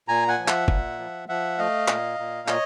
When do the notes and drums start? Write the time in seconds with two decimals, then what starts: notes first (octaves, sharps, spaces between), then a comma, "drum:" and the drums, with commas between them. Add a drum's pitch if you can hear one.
0.08 A#2 G#5 A#5
0.28 F#5 G#5
0.39 F3
0.48 E5 F#5, drum: clap
0.68 A#2, drum: kick
0.99 F3
1.28 F3 E5 F#5
1.58 A3 D#5 F5
1.88 A#2, drum: clap
2.19 A#2
2.48 C#5 D#5, drum: clap